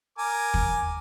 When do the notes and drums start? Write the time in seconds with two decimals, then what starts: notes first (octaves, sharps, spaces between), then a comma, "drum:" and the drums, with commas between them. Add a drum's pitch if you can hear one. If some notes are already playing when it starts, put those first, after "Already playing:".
0.18 A#4 G#5 D6
0.54 drum: kick